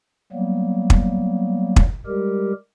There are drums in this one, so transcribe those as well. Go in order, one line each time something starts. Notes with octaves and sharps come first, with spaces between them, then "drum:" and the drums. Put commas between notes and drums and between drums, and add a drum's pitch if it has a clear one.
F#3 G3 A#3 B3
drum: kick
drum: kick
G3 G#3 G4 A#4